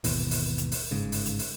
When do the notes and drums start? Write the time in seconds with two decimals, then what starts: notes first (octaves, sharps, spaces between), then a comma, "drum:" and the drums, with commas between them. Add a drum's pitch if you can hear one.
0.04 G#1 D#2 B2 E3, drum: open hi-hat
0.31 drum: open hi-hat
0.58 drum: hi-hat
0.72 drum: open hi-hat
0.91 G1 G#2 C#3
1.12 drum: open hi-hat
1.26 drum: hi-hat
1.39 drum: open hi-hat